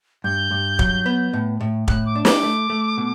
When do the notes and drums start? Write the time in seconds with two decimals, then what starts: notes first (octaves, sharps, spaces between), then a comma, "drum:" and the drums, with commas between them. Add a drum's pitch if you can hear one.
0.24 G2 G6
0.51 G2
0.79 F#3, drum: kick
1.06 B3
1.33 A2
1.61 A2
1.88 A2 F#6, drum: kick
2.06 D6
2.16 D4
2.25 D6, drum: snare
2.43 A3
2.70 A3
2.98 B2